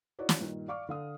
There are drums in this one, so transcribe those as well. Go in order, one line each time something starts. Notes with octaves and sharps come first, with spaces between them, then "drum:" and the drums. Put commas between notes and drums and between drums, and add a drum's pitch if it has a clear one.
D#4 E4 F#4 C#5 D5
drum: snare
G2 A#2 D#3
D5 F5 C#6 D6 F6
D3 F5 D#6